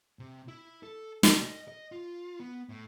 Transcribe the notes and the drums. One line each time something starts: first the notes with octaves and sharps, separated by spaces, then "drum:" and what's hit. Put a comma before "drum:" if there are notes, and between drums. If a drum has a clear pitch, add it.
C3
E4
A4
C3, drum: snare
D#5
D#5
F4
B3
A2